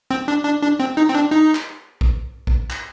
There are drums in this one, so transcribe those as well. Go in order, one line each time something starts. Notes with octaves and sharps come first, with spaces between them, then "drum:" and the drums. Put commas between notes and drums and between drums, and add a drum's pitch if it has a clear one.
C4
D4
D4
D4
C4
D#4
C4
D4
D#4
drum: clap
drum: kick A1
drum: kick A1
drum: clap